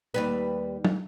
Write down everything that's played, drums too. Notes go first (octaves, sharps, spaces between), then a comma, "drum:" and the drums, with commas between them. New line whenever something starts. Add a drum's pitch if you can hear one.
D#2 G3 B4
drum: tom